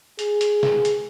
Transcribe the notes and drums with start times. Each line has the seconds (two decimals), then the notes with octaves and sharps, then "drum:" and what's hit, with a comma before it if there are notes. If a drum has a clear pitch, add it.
0.19 G#4, drum: hi-hat
0.41 drum: hi-hat
0.63 drum: snare
0.85 drum: hi-hat